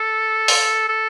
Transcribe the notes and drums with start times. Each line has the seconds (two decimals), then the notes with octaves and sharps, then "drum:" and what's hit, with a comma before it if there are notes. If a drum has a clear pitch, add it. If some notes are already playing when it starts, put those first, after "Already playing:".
Already playing: A4
0.48 drum: open hi-hat
0.88 A4